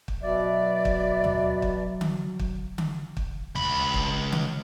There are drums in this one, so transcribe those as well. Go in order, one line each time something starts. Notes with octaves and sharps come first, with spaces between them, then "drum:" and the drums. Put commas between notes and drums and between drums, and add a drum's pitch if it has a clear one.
drum: kick
B2 F#3 D5 E5
drum: kick
drum: tom D2
drum: kick
drum: tom D3
drum: kick
drum: tom D3
drum: kick
C#2 B5, drum: tom D2
drum: kick
drum: tom D3